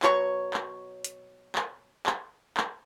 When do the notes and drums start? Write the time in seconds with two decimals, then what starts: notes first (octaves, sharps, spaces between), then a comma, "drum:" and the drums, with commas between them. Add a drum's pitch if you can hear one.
0.03 B2 F#3 C#5 C#6, drum: clap
0.54 drum: clap
1.04 drum: hi-hat
1.55 drum: clap
2.06 drum: clap
2.57 drum: clap